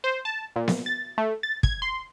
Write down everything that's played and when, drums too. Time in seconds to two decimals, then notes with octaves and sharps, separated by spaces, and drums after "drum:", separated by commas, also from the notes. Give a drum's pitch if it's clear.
0.04 C5
0.25 A5
0.56 A#2
0.68 drum: snare B3
0.86 A6
1.18 A3
1.43 A6
1.63 G#6, drum: kick
1.82 C6